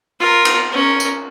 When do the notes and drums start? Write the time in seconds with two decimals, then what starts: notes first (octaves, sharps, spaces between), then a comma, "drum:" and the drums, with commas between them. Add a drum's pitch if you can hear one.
0.20 F4 A#4
0.45 drum: cymbal
0.72 C#4 A#4
1.00 drum: tambourine